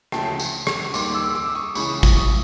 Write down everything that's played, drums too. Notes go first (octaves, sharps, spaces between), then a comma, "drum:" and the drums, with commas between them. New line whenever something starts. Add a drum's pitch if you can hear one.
D2 C#3 F3 A3 G5 A5, drum: rim click
drum: tambourine
drum: rim click
D#2 D#3 G3 C6 D6, drum: tambourine
D6 E6
D6 E6
C#6 D#6
C#2 C#3 E3 B5 C#6, drum: tambourine
drum: kick G#1, tambourine
C#6 D#6